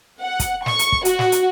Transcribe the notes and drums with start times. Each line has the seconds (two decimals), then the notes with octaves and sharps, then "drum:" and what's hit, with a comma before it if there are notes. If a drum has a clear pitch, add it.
0.21 F#5
0.40 drum: kick, hi-hat
0.66 C#6, drum: snare
0.79 drum: hi-hat
0.92 drum: kick
1.05 F#4, drum: hi-hat
1.19 drum: snare
1.32 drum: hi-hat